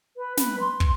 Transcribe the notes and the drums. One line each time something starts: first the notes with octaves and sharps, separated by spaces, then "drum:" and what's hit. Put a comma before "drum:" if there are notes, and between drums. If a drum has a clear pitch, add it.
B4
B4, drum: snare
C6
drum: kick